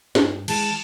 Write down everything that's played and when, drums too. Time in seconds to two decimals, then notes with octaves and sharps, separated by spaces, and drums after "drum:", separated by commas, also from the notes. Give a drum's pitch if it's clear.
0.15 G2, drum: snare
0.48 E3 G#3 A5, drum: cymbal